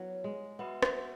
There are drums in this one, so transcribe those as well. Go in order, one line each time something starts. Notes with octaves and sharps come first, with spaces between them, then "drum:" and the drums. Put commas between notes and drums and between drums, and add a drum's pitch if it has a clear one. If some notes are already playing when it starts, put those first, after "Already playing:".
Already playing: F#3 B3 E4 B4
G#3
B3 F#4 B4 E5
drum: rim click